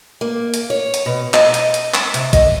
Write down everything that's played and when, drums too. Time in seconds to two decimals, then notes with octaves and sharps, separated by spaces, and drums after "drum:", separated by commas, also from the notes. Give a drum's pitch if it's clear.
0.21 A#3
0.54 drum: hi-hat
0.70 C#5
0.94 drum: hi-hat
1.06 B2
1.34 D#5, drum: clap
1.54 drum: hi-hat
1.74 drum: hi-hat
1.94 drum: clap
2.14 C3, drum: hi-hat
2.33 D#5, drum: kick A#1, hi-hat